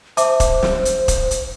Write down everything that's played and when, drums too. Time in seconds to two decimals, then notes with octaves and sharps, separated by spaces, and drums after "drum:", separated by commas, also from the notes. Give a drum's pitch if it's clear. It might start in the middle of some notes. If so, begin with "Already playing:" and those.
0.17 C5 E5 A5 D6, drum: hi-hat
0.40 drum: kick E1, hi-hat
0.63 drum: snare
0.85 drum: hi-hat
1.08 drum: kick E1, hi-hat
1.31 drum: hi-hat